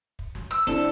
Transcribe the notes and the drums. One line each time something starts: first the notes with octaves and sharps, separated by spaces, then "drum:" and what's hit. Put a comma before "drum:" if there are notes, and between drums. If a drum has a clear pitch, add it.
drum: kick
drum: snare
E6
C4 D4 E4 A4, drum: snare